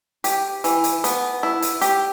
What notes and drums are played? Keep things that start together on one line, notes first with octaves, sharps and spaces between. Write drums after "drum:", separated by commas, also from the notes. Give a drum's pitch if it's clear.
G4, drum: hi-hat
E3, drum: hi-hat
drum: hi-hat
B3, drum: hi-hat
E4
drum: hi-hat
G4, drum: hi-hat